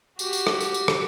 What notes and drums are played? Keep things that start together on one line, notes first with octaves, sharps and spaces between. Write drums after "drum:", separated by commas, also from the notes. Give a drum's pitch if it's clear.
F#4 G4, drum: tambourine
drum: tambourine
drum: rim click
drum: tambourine
drum: tambourine
drum: rim click